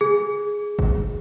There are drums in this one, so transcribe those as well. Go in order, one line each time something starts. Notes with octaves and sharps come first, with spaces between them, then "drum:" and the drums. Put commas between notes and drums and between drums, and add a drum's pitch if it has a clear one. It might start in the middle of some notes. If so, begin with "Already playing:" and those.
G#4
drum: kick F#1